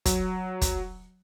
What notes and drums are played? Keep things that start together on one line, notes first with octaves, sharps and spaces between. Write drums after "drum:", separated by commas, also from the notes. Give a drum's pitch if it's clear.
F#3, drum: kick, hi-hat
drum: kick, hi-hat